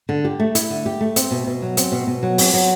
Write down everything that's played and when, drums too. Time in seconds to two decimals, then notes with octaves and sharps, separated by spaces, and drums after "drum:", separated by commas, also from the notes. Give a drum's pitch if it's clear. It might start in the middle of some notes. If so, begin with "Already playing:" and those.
0.09 D3
0.25 G4
0.39 A3
0.55 E4, drum: hi-hat
0.70 D3
0.86 G4
1.01 A3
1.16 C4, drum: hi-hat
1.31 B2
1.47 B2
1.62 F#3
1.77 C4, drum: hi-hat
1.92 B2
2.07 B2
2.23 F#3
2.38 C4, drum: open hi-hat
2.54 F#3